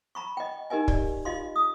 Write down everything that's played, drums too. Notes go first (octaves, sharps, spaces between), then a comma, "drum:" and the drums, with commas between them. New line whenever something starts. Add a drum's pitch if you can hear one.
A#5 B5 C#6
D#5 G5
D#4 G4 A#4 D#5 G#5
D5, drum: kick
F4 D#5 F5 C6
D#6